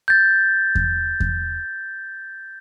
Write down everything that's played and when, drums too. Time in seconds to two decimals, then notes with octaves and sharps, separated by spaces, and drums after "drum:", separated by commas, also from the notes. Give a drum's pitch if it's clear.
0.08 G6 A6
0.75 drum: kick E2
1.20 drum: kick E2